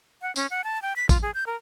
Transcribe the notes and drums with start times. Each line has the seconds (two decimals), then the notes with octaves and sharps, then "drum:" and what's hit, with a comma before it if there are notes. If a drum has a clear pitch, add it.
0.22 F#5
0.36 C#4, drum: tambourine
0.51 F#5
0.64 A5
0.82 G5
0.96 B6
1.09 F4, drum: kick A1, tambourine
1.22 G#4
1.34 G6
1.47 A#4